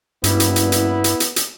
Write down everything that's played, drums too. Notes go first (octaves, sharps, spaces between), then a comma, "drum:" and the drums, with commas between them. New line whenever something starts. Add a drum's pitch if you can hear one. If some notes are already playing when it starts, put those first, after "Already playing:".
F#1 G2 B3 E4, drum: hi-hat
drum: hi-hat
drum: hi-hat
drum: hi-hat
drum: hi-hat
drum: hi-hat
drum: hi-hat